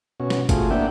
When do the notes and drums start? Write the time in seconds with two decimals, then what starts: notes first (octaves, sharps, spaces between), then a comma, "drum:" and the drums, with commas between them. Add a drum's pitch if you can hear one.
0.20 B2 C#4 F#4
0.30 drum: snare
0.49 A3 C4 F4 F#4 G#4, drum: kick G1, hi-hat
0.70 A#3 D4 E4 E5 F#5 G5